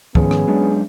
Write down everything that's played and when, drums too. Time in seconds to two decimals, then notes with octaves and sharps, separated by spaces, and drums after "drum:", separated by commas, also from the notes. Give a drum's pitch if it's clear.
0.15 G#2 D#3 F3 B3 C#4 G#4, drum: kick
0.31 drum: rim click
0.47 F#3 G#3 D4